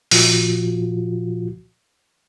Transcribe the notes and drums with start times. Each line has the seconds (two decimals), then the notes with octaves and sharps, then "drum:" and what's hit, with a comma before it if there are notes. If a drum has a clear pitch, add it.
0.11 A#2 F3 F4 F#4, drum: open hi-hat